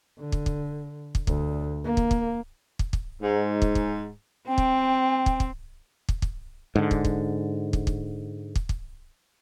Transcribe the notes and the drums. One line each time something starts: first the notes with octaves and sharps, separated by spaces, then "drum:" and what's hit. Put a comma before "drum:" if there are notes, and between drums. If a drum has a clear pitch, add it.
D3
drum: kick
drum: kick
drum: kick
D2, drum: kick
A#3
drum: kick
drum: kick
drum: kick
drum: kick
G#2
drum: kick
drum: kick
C4 G5
drum: kick
drum: kick
drum: kick
drum: kick
drum: kick
G#2 D3
drum: kick
drum: kick
drum: kick
drum: kick
drum: kick
drum: kick